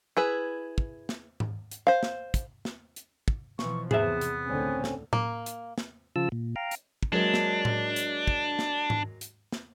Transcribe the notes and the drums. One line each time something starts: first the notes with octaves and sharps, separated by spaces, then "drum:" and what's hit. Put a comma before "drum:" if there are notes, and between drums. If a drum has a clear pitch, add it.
E4 G#4 B4
drum: kick
drum: snare
drum: tom G#2
drum: hi-hat
C5 F5
drum: snare
drum: kick, hi-hat
drum: snare
drum: hi-hat
drum: kick
B2 E3 F3 C#6, drum: snare
E2 C3 B3 G#4 C5 E5, drum: tom G#2
drum: hi-hat
C#2 A2 D3 C4 C#4
drum: snare
A#3, drum: tom A2
drum: hi-hat
drum: snare
C#3 F3 F4 A5 E6
A#2
F5 G5 A#5
drum: hi-hat
drum: kick
F#3 G#3 A#3 D4
drum: snare
drum: tom A2
drum: hi-hat
drum: kick
drum: snare
drum: tom G#2
drum: hi-hat
drum: snare